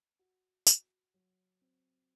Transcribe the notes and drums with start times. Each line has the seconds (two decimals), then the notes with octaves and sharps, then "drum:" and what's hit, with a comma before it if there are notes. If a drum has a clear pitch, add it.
0.19 F#4
0.67 F#4, drum: tambourine
1.14 F#3
1.61 C4